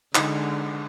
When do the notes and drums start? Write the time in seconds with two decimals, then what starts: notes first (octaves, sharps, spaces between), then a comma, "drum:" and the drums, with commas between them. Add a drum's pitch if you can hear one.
0.15 D3 G#3 D#4, drum: clap